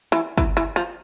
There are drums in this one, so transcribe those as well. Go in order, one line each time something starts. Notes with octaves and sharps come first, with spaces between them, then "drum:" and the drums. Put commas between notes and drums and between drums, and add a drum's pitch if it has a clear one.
E3
E3, drum: kick, hi-hat
E3
F3